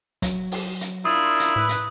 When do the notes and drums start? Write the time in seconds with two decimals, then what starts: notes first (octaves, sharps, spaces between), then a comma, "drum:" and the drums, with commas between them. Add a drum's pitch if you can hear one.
0.22 F#3, drum: kick, hi-hat
0.52 drum: open hi-hat
0.81 drum: hi-hat
1.05 D4 E4 F4 A#4 D#6
1.39 drum: hi-hat
1.56 A2 B4
1.69 drum: hi-hat